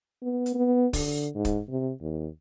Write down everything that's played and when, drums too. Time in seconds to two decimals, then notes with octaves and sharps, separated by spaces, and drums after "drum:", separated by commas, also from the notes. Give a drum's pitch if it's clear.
0.23 B3
0.46 drum: hi-hat
0.55 B3
0.93 D3, drum: kick, open hi-hat
1.36 G#2
1.45 drum: kick, hi-hat
1.69 C3
2.02 D#2